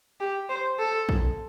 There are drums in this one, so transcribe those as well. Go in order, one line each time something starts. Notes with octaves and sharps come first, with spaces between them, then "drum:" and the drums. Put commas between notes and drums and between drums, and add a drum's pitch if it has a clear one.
G4
C5
A4
drum: kick A#1